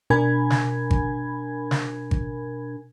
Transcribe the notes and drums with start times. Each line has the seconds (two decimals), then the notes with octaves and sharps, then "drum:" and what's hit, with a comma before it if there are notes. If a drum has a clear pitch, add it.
0.10 B2 D4 A#4 G#5 B5 G#6
0.50 drum: snare
0.91 drum: kick G#1
1.71 drum: snare
2.11 drum: kick G#1